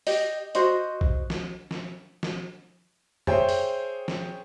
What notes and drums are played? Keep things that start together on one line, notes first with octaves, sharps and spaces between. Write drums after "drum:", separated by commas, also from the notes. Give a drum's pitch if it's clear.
G4 D#5, drum: open hi-hat
F#4 C5 D#5, drum: hi-hat
drum: kick A#1
drum: snare
drum: snare
drum: snare
G#4 C5 C#5 E5 G5, drum: tom
drum: open hi-hat
drum: snare